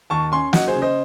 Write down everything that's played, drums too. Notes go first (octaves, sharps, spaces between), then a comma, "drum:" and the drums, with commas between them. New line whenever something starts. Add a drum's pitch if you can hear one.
D#2 A5 C#6
C#4 G#5 C6
F#3 D#5 F#5, drum: snare
G#4 C5
C#3
C5 D#5